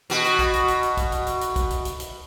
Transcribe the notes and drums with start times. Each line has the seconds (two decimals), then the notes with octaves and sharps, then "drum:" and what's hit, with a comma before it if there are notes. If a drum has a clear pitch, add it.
0.10 B2 F#4, drum: hi-hat
0.24 drum: hi-hat
0.39 drum: kick B1, hi-hat
0.54 drum: hi-hat
0.68 drum: hi-hat
0.83 drum: hi-hat
0.97 drum: kick B1, hi-hat
1.12 drum: hi-hat
1.27 drum: hi-hat
1.41 drum: hi-hat
1.56 drum: kick B1, hi-hat
1.70 drum: hi-hat
1.85 drum: hi-hat
2.00 drum: hi-hat